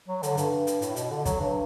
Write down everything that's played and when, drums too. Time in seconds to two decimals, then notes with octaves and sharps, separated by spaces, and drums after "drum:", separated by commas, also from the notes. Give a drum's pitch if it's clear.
0.08 F#3
0.23 D3, drum: hi-hat
0.37 G2, drum: hi-hat
0.67 drum: hi-hat
0.82 A2, drum: hi-hat
0.96 B2, drum: hi-hat
1.11 D3
1.25 F#3, drum: kick, hi-hat
1.40 G2